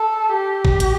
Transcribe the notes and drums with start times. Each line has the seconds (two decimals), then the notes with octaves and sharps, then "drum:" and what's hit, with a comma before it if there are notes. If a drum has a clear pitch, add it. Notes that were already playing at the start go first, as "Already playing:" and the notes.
Already playing: A4
0.33 G4
0.65 drum: kick
0.80 drum: hi-hat